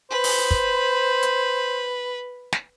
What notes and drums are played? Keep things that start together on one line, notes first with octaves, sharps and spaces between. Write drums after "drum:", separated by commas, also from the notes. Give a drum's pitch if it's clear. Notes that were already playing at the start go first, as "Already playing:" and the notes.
B4 C5
drum: open hi-hat
drum: kick
drum: hi-hat
drum: snare